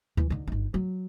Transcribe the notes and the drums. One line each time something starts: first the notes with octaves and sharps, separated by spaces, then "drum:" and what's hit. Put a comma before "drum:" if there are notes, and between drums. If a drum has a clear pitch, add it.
E3, drum: kick D2
D3 D#4
G1 D#4
F#3